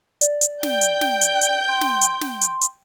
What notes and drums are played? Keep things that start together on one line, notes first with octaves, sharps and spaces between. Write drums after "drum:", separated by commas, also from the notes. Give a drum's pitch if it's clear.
D5, drum: hi-hat
drum: hi-hat
G5 G6, drum: snare
drum: hi-hat
drum: snare
drum: hi-hat
drum: hi-hat
C6
drum: snare
drum: hi-hat
drum: snare
drum: hi-hat
drum: hi-hat